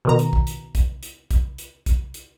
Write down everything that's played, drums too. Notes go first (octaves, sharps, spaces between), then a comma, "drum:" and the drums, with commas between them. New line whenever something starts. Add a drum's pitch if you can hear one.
B2 D#3 A#5
drum: hi-hat
drum: kick
drum: hi-hat
drum: kick, hi-hat
drum: hi-hat
drum: kick, hi-hat
drum: hi-hat
drum: kick, hi-hat
drum: hi-hat